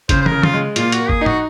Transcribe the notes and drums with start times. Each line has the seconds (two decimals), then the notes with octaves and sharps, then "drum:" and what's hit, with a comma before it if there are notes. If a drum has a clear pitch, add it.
0.09 C#3 C5, drum: kick, hi-hat
0.21 C5
0.26 A#4, drum: tom
0.31 C#3
0.43 F4, drum: tom
0.54 G#3
0.76 A#2 F4, drum: hi-hat
0.92 F#4, drum: hi-hat
0.98 A#3
1.09 G#4, drum: kick
1.21 D#4
1.26 F#4, drum: tom